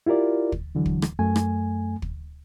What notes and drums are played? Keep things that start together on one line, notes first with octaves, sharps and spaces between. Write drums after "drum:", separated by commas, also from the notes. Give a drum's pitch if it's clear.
E4 F4 G4 A#4 D5
drum: kick
D3 E3 F#3
drum: kick
drum: rim click
F#2 A3 G#5
drum: rim click
drum: kick